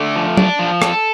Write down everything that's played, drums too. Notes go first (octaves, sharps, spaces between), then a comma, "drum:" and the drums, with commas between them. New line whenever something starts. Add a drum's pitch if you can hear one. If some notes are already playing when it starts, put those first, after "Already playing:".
Already playing: D3 A3
F3
D4, drum: tom F#3
F3
A4, drum: rim click